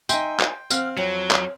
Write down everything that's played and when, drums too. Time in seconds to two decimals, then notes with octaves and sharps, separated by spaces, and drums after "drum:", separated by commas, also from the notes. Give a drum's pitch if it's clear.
0.09 D#4 E5 G5 G#5 C6, drum: tambourine
0.40 drum: clap
0.70 C4 F5 F#5 F6, drum: tambourine
0.97 F2 F#3 C#5
1.31 drum: clap